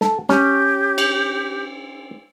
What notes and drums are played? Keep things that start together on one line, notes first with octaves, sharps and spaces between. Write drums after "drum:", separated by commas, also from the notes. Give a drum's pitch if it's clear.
A4, drum: snare
C#4 G4, drum: snare
drum: cymbal